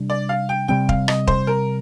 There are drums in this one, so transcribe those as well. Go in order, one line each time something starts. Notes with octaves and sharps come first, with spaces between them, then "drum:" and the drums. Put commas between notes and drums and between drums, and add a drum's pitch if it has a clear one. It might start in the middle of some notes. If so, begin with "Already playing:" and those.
Already playing: C3 G3 D4
D5
F5
G5
C3 G3 C4 G5
F5, drum: kick
D#5, drum: rim click
C5, drum: kick
A#4